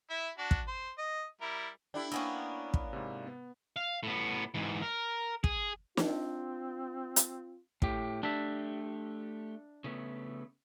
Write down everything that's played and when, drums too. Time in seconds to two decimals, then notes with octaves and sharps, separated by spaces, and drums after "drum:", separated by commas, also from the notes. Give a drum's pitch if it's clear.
0.10 E4 E5
0.38 D4 F#4
0.51 drum: kick
0.67 C5
0.98 D#5
1.41 G3 E4 A#4
1.94 D4 E4 G4 A4 G5
2.12 A#3 B3 C#4 G5 G#5 E6
2.74 drum: kick
2.93 G#2 C3
3.27 B3
3.76 F5
4.03 A2 B3
4.55 G#2 E3
4.82 A#4
5.44 G#4, drum: kick
5.97 C4 D4 F4, drum: snare
7.16 drum: hi-hat
7.82 A2 G4, drum: kick
8.23 A3 D4 G4 E5
9.84 C#3 A3 B3